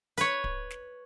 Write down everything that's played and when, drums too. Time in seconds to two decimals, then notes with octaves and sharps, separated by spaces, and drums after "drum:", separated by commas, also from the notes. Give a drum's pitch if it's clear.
0.18 B4 C#5, drum: hi-hat
0.44 drum: kick D1
0.70 drum: snare